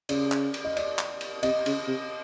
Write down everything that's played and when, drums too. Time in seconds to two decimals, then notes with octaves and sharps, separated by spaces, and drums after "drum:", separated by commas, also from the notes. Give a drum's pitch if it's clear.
0.09 C#3 D5, drum: cymbal
0.32 drum: clap
0.54 drum: cymbal
0.65 D#5
0.77 D5, drum: cymbal
0.98 drum: clap
1.21 drum: cymbal
1.43 C3 D#5, drum: cymbal
1.66 C#3, drum: cymbal
1.87 C3